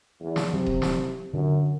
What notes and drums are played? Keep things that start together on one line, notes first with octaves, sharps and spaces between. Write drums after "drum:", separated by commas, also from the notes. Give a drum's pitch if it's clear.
E2
drum: snare
C3 F#3
drum: kick D#1
drum: snare
F#2 D3